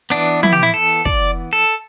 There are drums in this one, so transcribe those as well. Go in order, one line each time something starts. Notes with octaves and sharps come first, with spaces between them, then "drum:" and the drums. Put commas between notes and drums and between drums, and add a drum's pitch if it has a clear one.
E3 B3 D4
E4, drum: tom F3
G4
E4
A4
D5, drum: kick
A4